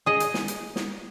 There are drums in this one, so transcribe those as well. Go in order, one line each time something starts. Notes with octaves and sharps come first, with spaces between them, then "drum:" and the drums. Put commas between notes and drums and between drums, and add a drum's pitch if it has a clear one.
G#4 D#5
drum: hi-hat
drum: snare
drum: hi-hat
drum: snare